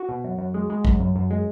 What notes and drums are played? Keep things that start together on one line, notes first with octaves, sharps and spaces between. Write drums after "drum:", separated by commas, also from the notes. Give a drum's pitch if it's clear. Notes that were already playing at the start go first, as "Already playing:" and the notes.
Already playing: F#4
B2
F#2
F#2
G#3
G#3
F#2, drum: kick
F#2
F#2
G#3